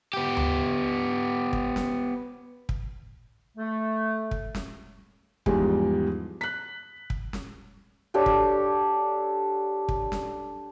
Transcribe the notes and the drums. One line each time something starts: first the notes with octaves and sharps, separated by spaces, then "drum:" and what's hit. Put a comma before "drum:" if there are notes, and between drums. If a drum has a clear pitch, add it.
B3 G4
drum: tom D2
drum: kick
drum: snare
drum: kick
A3
drum: kick
drum: snare
E2 G#2 F3 G3 G#3, drum: kick
F#6 B6
drum: kick
drum: snare
D4 G4 A4 C#5
drum: kick
drum: kick
drum: snare